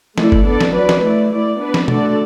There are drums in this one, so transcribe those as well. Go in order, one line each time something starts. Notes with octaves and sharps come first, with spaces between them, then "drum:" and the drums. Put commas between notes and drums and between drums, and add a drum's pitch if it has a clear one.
A3 E4 A4 D5, drum: snare
drum: kick G1
B3 D4 A4 D5
drum: snare
F#3 D4 B4 D5
drum: snare
A3 E4 D5
A3 E4 D5
B3 D4 B4 D5
drum: snare
D3 A3 F#4 A4 D5, drum: tom B2